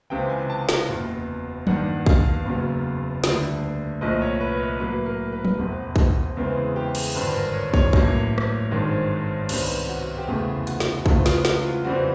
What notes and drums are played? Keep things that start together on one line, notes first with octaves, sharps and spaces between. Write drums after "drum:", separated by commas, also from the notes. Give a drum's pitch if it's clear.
C#2 C3 E3 G5
G#5
A5
A#5, drum: snare
F#1 E2 B2
G2 D#3 G3 A#3 F#5, drum: tom
F5, drum: kick
F#1 E2 C#3 F#3
D2 D3 G3, drum: snare
C2 A#2 F3 A3 D#5
C#5
B4
B4
A2 F#3 A#3 B4
A#4
B4
drum: tom
F1 E2 C3
drum: kick
E2 C#3 E3 G#3 C4
G#4
G4
G#4, drum: cymbal
G#1 G2 D3 B4
A#4
C#5
C#5, drum: kick
A1 A2 F#3 A#3, drum: kick
drum: rim click
G#1 G2 D#3 G#3 C4
C2 C3 D#3 G3 B3 C5, drum: cymbal
F#4
G4
F1 E2 C#3 E3 A3 G#4
F#4, drum: hi-hat
drum: snare
C#2 C#3 E3 A3 C4 F4, drum: kick
F4, drum: snare
F#4, drum: snare
F4
F2 C#3 E3 G3 C4 F#4